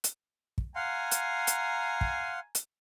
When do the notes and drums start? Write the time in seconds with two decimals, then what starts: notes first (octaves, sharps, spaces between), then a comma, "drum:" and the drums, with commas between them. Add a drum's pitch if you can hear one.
0.04 drum: hi-hat
0.58 drum: kick
0.76 F5 F#5 G#5 A#5 C6
1.11 drum: hi-hat
1.47 drum: hi-hat
2.01 drum: kick
2.55 drum: hi-hat